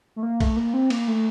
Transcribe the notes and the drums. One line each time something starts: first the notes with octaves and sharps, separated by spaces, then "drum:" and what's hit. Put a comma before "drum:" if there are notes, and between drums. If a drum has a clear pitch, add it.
A3
A#3
A3, drum: kick, cymbal
A#3
C4
A#3, drum: cymbal
A3